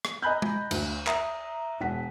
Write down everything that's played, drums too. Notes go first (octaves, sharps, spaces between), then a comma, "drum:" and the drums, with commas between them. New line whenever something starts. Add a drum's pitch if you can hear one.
drum: rim click
D#5 G#5 A#5 B5 F#6 G6
drum: tom G#3
D2, drum: cymbal
E5 A#5 D#6, drum: clap
E1 F#5 B6